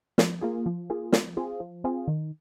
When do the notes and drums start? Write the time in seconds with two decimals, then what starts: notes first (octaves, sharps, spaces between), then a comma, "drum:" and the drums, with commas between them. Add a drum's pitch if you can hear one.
0.18 F3, drum: snare
0.41 A#3 F4 G#4
0.66 F3
0.90 A#3 F4 G#4
1.12 F3, drum: snare
1.37 C4 F4 G#4
1.60 F3
1.84 C4 F4 G#4
2.08 D#3